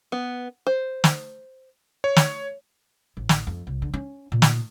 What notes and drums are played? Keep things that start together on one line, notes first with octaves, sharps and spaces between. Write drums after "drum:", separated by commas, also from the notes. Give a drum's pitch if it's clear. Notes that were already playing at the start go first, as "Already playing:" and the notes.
B3
C5
drum: snare
C#5
drum: snare
A1
drum: snare
F2
C2
D3
C#4
A#2
drum: snare